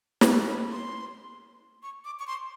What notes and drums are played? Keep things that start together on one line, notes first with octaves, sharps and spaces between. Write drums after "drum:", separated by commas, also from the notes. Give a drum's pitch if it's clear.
drum: snare
B5
C6
C#6
D6
C#6
C6